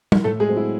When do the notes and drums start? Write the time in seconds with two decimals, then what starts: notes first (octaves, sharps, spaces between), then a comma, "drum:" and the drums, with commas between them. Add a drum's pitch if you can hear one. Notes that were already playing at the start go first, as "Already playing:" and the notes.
0.12 drum: tom
0.24 A2 A3 A4
0.40 G#3 G#4
0.49 F#3 C4
0.57 E4